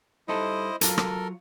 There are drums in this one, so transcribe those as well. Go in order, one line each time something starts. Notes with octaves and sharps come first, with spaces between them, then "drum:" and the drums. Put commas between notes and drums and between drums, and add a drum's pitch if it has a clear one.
G2 D#4 E4 A4 C5 D#5
F#3 F4 A4 A#4, drum: hi-hat
drum: rim click